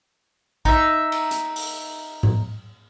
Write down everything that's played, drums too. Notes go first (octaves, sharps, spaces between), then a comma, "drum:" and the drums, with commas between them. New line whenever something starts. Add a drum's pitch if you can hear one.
D#4 E5, drum: kick A#1
drum: cymbal
drum: hi-hat
drum: open hi-hat
drum: tom A2